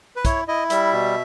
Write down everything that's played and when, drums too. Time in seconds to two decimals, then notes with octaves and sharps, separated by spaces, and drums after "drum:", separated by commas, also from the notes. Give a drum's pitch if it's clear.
0.16 B4
0.25 E4 C#5, drum: kick, hi-hat
0.48 E4 D#5
0.70 G3 E5, drum: hi-hat
0.93 B2